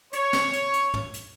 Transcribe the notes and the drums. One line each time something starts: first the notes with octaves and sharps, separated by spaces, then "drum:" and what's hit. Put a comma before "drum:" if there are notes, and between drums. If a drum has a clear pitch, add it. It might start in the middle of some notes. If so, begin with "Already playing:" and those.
C#5, drum: hi-hat
drum: snare
drum: hi-hat
drum: hi-hat
drum: tom
drum: hi-hat